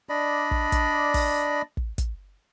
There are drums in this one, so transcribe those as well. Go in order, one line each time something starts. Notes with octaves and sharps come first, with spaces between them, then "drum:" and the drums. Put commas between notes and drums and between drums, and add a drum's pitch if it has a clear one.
D4 D5 D#5 B5
drum: kick
drum: kick, hi-hat
drum: kick, open hi-hat
drum: kick
drum: kick, hi-hat